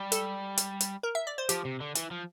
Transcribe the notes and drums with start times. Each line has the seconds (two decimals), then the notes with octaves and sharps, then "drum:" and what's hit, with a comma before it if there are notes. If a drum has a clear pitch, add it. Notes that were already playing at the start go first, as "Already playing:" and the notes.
Already playing: G3
0.12 A4, drum: hi-hat
0.58 drum: hi-hat
0.81 drum: hi-hat
1.03 A#4
1.15 E5
1.27 D5
1.38 C5
1.49 F3 G4, drum: hi-hat
1.65 C3
1.80 D3
1.95 E3, drum: hi-hat
2.11 F3